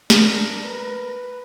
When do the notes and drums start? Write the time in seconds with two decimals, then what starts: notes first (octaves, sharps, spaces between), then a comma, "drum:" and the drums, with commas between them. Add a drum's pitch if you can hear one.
0.10 D4 A#4, drum: snare
0.64 B4